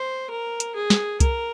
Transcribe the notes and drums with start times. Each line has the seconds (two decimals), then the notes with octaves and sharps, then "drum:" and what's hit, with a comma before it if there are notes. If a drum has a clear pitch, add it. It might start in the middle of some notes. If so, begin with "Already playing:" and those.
Already playing: C5
0.30 A#4
0.60 drum: hi-hat
0.75 G#4
0.90 drum: snare
1.20 A#4, drum: kick, hi-hat